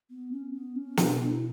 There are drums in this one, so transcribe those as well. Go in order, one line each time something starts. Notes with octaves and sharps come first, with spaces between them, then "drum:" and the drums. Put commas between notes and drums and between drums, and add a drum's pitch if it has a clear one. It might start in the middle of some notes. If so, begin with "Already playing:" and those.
B3
C#4
B3
C#4
B2 D4, drum: snare
D4
E4